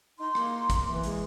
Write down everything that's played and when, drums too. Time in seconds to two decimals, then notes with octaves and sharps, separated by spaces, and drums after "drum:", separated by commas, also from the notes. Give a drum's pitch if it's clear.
0.19 D#4 C6
0.35 A#3 D#4, drum: rim click
0.70 drum: kick, hi-hat
0.86 E3
1.03 G#3, drum: hi-hat